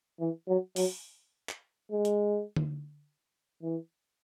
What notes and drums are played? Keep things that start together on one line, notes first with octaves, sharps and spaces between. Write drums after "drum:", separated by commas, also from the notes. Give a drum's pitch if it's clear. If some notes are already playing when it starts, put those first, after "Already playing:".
E3
F#3
F#3, drum: open hi-hat
drum: clap
G#3
drum: hi-hat
drum: tom D3
E3